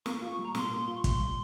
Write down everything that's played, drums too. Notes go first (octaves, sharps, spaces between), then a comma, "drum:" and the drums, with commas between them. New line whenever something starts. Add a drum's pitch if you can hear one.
A#3 C#6, drum: snare
F4
G3 A#5
A#2 C6, drum: snare
A#3
F4
C#6
G3 C6, drum: kick, hi-hat
A#2